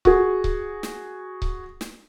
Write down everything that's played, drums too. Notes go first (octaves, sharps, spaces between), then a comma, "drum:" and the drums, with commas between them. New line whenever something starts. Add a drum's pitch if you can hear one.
F#4 G#4, drum: kick C#1
drum: kick C#1
drum: snare
drum: kick C#1
drum: snare